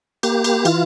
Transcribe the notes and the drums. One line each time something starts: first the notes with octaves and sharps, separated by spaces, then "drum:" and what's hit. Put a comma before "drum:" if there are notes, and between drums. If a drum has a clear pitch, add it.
A#3 G4, drum: cymbal
drum: cymbal
E3 F4, drum: cymbal